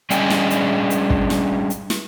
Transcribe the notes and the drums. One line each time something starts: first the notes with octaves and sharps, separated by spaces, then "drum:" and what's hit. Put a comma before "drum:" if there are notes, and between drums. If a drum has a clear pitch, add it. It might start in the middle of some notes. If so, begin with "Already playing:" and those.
G3 C#4 D4 G#4 D#5 G5, drum: hi-hat
drum: snare
drum: hi-hat
drum: hi-hat
drum: kick
drum: snare
drum: hi-hat
drum: snare